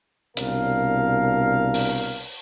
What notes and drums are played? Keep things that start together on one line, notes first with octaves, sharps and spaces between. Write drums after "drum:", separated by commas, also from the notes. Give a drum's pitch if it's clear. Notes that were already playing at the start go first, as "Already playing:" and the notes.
C2 B2 D4 A#4 F5, drum: hi-hat
drum: open hi-hat